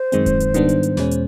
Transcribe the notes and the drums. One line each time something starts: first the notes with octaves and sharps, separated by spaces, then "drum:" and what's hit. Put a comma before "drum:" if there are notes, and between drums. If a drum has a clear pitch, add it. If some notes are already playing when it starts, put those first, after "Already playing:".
Already playing: C5
F#2 D#3 G#3 C4, drum: hi-hat
drum: kick D1, hi-hat
drum: hi-hat
G#2 D#3 G3 B3 D4, drum: hi-hat
drum: hi-hat
drum: hi-hat
E2 B2 G#3 C#4, drum: snare
drum: hi-hat